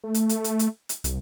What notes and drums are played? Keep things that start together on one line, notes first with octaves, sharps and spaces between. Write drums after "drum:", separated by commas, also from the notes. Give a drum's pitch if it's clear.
A3
drum: hi-hat
drum: hi-hat
drum: hi-hat
drum: hi-hat
drum: hi-hat
C2, drum: hi-hat